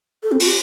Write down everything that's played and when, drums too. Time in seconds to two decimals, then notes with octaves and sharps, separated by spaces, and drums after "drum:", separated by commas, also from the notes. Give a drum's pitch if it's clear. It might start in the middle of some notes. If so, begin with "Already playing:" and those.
0.23 A4
0.32 C4
0.40 F4, drum: open hi-hat
0.47 G4